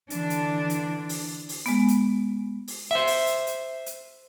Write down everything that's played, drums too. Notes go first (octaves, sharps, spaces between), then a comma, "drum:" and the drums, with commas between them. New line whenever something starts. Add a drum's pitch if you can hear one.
D3 E3 D4, drum: hi-hat
drum: hi-hat
drum: hi-hat
drum: open hi-hat
drum: open hi-hat
G#3 B3, drum: hi-hat
drum: hi-hat
drum: open hi-hat
C5 E5
drum: open hi-hat
drum: hi-hat
drum: hi-hat
drum: hi-hat